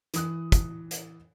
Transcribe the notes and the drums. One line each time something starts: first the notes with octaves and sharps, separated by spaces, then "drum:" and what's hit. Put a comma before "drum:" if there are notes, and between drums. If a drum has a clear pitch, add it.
E3 D#6 F#6, drum: hi-hat
drum: kick, hi-hat
drum: hi-hat